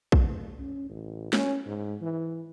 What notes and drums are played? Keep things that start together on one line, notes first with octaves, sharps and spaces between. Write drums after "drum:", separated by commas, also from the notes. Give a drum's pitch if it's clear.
drum: kick A#1
A3
C#4
A1
C#4, drum: snare
G#2
E3